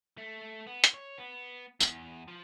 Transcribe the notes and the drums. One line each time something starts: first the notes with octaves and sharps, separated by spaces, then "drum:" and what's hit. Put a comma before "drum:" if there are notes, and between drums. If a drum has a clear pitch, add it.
A3
B3
drum: hi-hat
C#5
B3
E2, drum: tambourine
F3